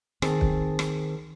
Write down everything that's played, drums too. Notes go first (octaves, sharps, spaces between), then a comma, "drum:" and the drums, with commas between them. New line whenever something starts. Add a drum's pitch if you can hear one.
D#3 C4 G#4 A5, drum: rim click
drum: kick
drum: rim click